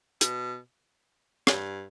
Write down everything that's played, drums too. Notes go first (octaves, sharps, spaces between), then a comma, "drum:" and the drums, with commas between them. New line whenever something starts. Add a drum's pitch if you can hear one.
B2, drum: hi-hat
G2, drum: rim click